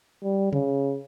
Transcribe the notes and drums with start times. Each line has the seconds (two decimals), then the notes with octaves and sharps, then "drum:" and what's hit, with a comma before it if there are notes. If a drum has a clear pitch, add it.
0.24 G3
0.53 C#3, drum: tom C3